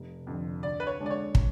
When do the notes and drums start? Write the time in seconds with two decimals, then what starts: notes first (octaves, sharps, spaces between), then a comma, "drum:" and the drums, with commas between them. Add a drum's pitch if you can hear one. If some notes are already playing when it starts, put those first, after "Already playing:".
Already playing: F1
0.27 F2 D3
0.62 D2 D5
0.80 B4
0.87 C#5
0.99 D3 G#3 D4
1.06 D5
1.11 C#5
1.35 drum: kick